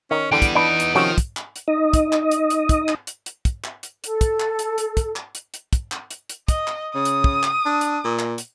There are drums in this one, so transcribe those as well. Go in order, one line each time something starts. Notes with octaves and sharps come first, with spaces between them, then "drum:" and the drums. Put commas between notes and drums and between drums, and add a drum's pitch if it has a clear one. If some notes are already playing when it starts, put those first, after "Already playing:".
D#3 C#4
D3 E3 G3 B3 G5 D7
drum: kick, hi-hat
D4 D#4 B4 D7
drum: hi-hat
C3 D#3 F3 C#4 F#4
drum: kick, hi-hat
drum: clap
drum: hi-hat
D#4 D#5
drum: kick, hi-hat
drum: clap
drum: hi-hat
drum: hi-hat
drum: kick, hi-hat
drum: clap
drum: hi-hat
drum: hi-hat
drum: kick, hi-hat
drum: clap
drum: hi-hat
A4, drum: hi-hat
drum: kick, hi-hat
drum: clap
drum: hi-hat
drum: hi-hat
drum: kick, hi-hat
drum: clap
drum: hi-hat
drum: hi-hat
drum: kick, hi-hat
drum: clap
drum: hi-hat
drum: hi-hat
D#5, drum: kick, hi-hat
drum: clap
C#3 D#6
drum: hi-hat
drum: kick
drum: clap
D4
drum: hi-hat
A#2
drum: clap
drum: hi-hat